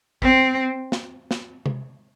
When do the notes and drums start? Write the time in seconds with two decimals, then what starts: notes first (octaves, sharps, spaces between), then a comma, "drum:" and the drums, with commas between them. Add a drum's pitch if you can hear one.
0.22 C4, drum: kick A1
0.92 drum: snare
1.31 drum: snare
1.66 drum: tom C3